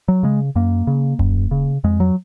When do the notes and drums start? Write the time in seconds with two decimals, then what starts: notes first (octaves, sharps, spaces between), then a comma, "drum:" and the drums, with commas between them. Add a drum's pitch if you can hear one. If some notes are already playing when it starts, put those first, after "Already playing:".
0.08 F#3
0.23 C#3 G#3
0.56 F#2 A#3
0.87 C#3
1.19 F#2, drum: kick D#1
1.51 C#3
1.84 F2 G#3
2.00 F#3